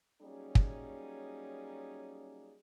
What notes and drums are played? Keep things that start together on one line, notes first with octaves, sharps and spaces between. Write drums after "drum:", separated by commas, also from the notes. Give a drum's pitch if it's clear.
F#3 G3 A#3 C#4 D#4 G#4
drum: kick